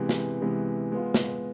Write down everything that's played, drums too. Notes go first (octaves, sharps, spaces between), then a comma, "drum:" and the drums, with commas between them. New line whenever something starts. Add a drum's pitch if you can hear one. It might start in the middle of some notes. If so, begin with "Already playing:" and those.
Already playing: C3 E3 G#3 B3
drum: snare
C3 E3 G#3 B3
G#3 B3 F4
drum: snare